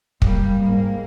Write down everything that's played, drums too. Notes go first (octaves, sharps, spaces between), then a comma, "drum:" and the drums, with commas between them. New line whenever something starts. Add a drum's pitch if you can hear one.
G3 A#3, drum: kick
G#2 A#3